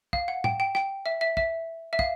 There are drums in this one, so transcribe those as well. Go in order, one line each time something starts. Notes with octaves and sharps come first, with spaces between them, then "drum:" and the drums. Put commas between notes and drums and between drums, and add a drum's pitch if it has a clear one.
F5, drum: kick
F#5
G5, drum: tom A2
G5
G5, drum: rim click
E5
E5
E5, drum: kick
E5
F5, drum: kick